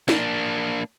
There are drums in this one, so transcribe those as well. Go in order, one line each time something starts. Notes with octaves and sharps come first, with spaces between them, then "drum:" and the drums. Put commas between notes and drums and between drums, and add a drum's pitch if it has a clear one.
A#3 D4, drum: snare